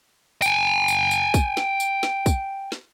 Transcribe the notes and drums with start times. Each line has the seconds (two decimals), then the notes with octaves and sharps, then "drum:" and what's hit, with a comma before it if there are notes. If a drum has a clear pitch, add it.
0.42 G5 G#5, drum: tambourine
0.88 drum: tambourine
1.11 drum: tambourine
1.34 drum: kick, tambourine
1.57 drum: snare
1.80 drum: tambourine
2.03 drum: snare
2.26 drum: kick, tambourine
2.72 drum: snare